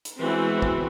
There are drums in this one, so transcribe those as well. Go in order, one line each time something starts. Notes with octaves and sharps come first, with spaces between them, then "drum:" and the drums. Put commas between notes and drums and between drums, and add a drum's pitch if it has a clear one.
drum: hi-hat
E3 G#3 B3 C4 F#4
drum: kick